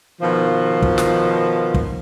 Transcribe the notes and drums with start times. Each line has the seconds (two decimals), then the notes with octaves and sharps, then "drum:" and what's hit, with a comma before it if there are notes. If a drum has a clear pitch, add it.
0.21 B2 D#3 F3
0.82 drum: kick
0.98 drum: snare
1.74 drum: kick